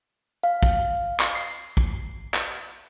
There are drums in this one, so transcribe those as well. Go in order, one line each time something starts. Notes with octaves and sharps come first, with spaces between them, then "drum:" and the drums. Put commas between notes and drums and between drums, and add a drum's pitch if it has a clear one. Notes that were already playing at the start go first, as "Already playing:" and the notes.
F5
drum: kick
drum: clap
C7
drum: kick
drum: clap